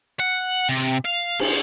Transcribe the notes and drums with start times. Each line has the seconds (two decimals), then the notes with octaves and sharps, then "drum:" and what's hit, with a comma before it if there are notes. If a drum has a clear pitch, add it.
0.20 F#5
0.69 C3
1.05 F5
1.39 drum: cymbal